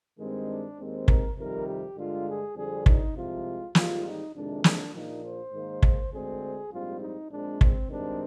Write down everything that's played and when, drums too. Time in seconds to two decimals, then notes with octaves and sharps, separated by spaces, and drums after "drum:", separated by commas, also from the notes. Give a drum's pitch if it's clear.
0.19 G2 D#3 G#3 C4
0.49 D4
0.78 D#2 D#3 G#3 C4
1.08 A#4, drum: kick
1.38 F2 C3 D#3 G3 A#4
1.67 G4
1.97 G2 D3 G#3 F4
2.27 G#4
2.56 F2 D3 G3 C4 G#4
2.86 D#4, drum: kick
3.15 C2 C3 F3 G#3 F4
3.75 G#1 G#2 G3 F4, drum: snare
4.05 D#4
4.34 F2 C3 D#3 G#3 D4
4.64 D4, drum: snare
4.94 A#1 A#2 F3 A#3 D#4
5.23 C5
5.53 G#2 D#3 A#3
5.83 drum: kick
6.12 D2 D3 G#3 C4 G#4
6.71 A#1 G#2 G3 C4 F4
7.01 D#4
7.31 A#1 A#2 G#3 C4 D4
7.61 C4, drum: kick
7.90 G2 D#3 G#3 C4 D4